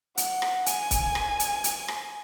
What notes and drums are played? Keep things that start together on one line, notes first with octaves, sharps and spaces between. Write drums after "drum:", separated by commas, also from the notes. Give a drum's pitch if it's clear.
F#5, drum: hi-hat
drum: rim click
G#5, drum: hi-hat
drum: kick C#1, hi-hat
drum: rim click
drum: hi-hat
drum: hi-hat
drum: rim click